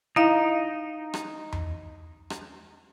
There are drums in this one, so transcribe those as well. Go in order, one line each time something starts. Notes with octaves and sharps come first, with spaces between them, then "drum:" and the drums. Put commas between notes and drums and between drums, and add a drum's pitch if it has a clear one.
D#4 E4 F5
drum: rim click
drum: tom E2
drum: rim click